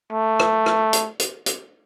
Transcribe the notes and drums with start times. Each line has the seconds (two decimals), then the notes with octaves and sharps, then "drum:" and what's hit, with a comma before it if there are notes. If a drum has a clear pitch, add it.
0.12 A3
0.40 drum: rim click
0.66 drum: rim click
0.93 drum: hi-hat
1.19 drum: hi-hat
1.46 drum: hi-hat